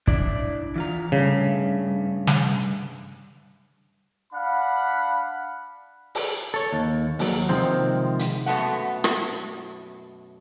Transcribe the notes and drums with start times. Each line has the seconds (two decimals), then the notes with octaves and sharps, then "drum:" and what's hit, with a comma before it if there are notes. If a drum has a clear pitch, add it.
0.07 D4 E4 D5, drum: kick
0.76 E3 F4 A#5
1.12 G2 C#3 A3
2.27 drum: snare
4.33 D4 F5 F#5 B5
6.15 drum: open hi-hat
6.54 A4 C#5
6.72 D#2
7.19 D#2 F#3, drum: open hi-hat
7.49 C3 D#3 F3 G#3 C4
8.19 drum: hi-hat
8.46 F#2 B2 G#3 A3 F#5
9.04 drum: rim click